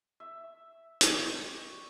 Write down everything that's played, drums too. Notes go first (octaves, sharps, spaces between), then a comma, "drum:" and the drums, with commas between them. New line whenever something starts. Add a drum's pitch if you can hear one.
E5
D5 G5 C#6, drum: hi-hat